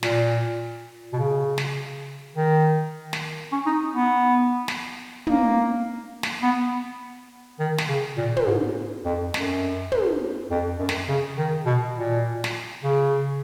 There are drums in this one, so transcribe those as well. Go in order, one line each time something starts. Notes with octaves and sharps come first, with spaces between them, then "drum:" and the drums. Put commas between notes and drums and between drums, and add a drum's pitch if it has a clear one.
A#2, drum: snare
B2
C#3
drum: snare
D#3
drum: snare
C#4
D#4
B3
drum: snare
A#3, drum: tom
drum: snare
B3
D#3
drum: snare
C#3
A#2
drum: tom
G#2
F2
F#2, drum: snare
drum: tom
F2
F#2
drum: snare
C#3
D#3
B2
A#2
drum: snare
C#3